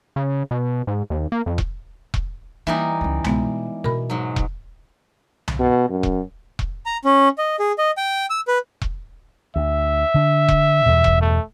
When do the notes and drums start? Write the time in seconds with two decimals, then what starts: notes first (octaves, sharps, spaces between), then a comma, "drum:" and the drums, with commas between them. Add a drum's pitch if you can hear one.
0.16 C#3
0.51 B2
0.87 G#2
1.10 D#2
1.32 A#3
1.46 F2
1.58 drum: kick E1
2.14 drum: kick E1
2.67 E3 G3 A#3 D#4 E5
3.01 C#2 C#4
3.24 B2 G#3 B3, drum: tom C2
3.84 B2 A#4 B5
4.10 G#2 F#3
4.36 drum: kick E1
5.48 drum: tom C2
5.59 B2
5.90 F#2
6.03 drum: kick E1
6.59 drum: kick E1
6.86 A#5
7.05 C#4
7.38 D#5
7.59 G#4
7.78 D#5
7.97 G5
8.30 E6
8.48 B4
8.82 drum: kick E1
9.56 D2 E5
10.14 D3 D4
10.48 drum: kick E1
10.86 E2 G2 B2
11.04 drum: kick E1
11.21 A3